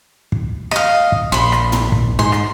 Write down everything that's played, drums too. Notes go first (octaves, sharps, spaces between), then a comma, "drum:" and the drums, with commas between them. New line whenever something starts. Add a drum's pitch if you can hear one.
drum: kick
D#5 F5, drum: rim click
drum: kick
A#1 B5 C6
drum: rim click
drum: tom
drum: kick
G#2 C6
drum: rim click